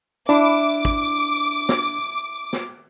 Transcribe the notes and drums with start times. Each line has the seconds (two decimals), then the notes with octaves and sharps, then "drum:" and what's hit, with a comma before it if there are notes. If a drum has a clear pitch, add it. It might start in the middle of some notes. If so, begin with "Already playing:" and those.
0.29 D4 E4 D6
0.85 drum: kick
1.69 drum: snare
2.53 drum: snare